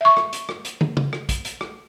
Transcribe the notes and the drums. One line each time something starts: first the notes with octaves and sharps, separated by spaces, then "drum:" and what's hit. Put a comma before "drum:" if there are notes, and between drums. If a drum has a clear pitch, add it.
E5 C#6
drum: rim click
drum: hi-hat
drum: rim click
drum: hi-hat
drum: tom
drum: tom C#3
drum: rim click
drum: kick, hi-hat
drum: hi-hat
drum: rim click